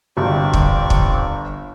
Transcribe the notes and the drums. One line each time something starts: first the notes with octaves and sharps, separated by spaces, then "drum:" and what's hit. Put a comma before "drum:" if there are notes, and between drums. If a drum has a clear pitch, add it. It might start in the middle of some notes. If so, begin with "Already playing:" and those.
G1 C4 D5 C#6
drum: kick
drum: kick